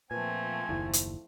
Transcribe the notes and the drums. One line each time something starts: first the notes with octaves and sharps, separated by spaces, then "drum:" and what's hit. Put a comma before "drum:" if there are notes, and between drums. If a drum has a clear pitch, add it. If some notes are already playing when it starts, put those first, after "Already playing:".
A#2 F3 A3 C4 B4 G#5 A5
F#1 D#2 E4 A4 D5
drum: hi-hat